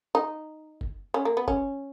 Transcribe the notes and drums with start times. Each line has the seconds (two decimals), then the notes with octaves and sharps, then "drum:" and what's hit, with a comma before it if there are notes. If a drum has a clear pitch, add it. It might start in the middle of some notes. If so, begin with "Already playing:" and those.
0.15 D#4
0.81 drum: kick F#1
1.14 C#4
1.25 A#3
1.37 B3
1.48 C#4, drum: kick F#1